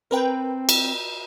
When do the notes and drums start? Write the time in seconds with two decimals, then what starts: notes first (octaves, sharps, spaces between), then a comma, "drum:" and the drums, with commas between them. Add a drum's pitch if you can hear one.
0.11 C4 A#4 B4 G5
0.69 drum: cymbal